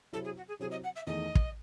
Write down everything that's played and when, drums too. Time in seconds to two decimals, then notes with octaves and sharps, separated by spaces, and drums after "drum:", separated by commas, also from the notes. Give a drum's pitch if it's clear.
0.13 C3 F#3 C4 E4 A4
0.24 G#4
0.37 F#4
0.48 G#4
0.59 C3 F#3 C4 E4 G#4
0.71 D#5
0.83 F#5
0.96 E5
1.07 E2 D#3 A3 D#4 G#4 D#5
1.35 drum: kick